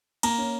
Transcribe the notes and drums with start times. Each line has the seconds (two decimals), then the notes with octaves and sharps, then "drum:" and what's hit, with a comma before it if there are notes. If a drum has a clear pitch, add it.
0.23 A#3 A#5, drum: cymbal
0.38 C#4